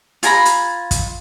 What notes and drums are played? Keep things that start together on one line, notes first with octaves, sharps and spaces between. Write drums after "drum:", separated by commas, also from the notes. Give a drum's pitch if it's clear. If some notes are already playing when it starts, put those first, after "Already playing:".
F4 G#5 A#5 B5, drum: hi-hat
drum: hi-hat
drum: kick, hi-hat